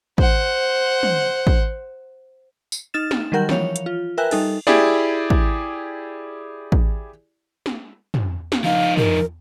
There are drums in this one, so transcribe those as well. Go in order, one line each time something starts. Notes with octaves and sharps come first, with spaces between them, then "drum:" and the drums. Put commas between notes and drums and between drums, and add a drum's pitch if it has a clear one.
C5 F#5, drum: kick
drum: tom
drum: kick
drum: tambourine
D#4 F6 A6 E7
drum: snare
D#3 F#3 G3 A#4 F#5 G6
E3 F3 C#5 F7, drum: snare
drum: hi-hat
F4
A#4 B4 E5 G5 G#5 F#6
G3 D#4 A4, drum: cymbal
E4 G4 G#4 D5, drum: snare
drum: kick
drum: kick
drum: snare
drum: tom
drum: snare
F3 D#4 F5
A#4, drum: tom